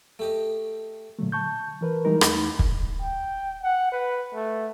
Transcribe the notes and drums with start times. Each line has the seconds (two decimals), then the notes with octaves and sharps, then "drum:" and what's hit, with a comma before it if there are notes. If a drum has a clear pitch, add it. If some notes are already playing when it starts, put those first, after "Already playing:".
0.19 A3 G4 D#5
1.19 A#2 D3 F#3 A3
1.32 A5 C#6 G6
1.81 E3 A#4 B4
2.05 E3 G3 G#3 D#4 A#4
2.21 E2 A3 D#4 B5, drum: rim click
2.59 drum: kick
3.02 G5
3.62 F#5
3.92 B4
4.35 A3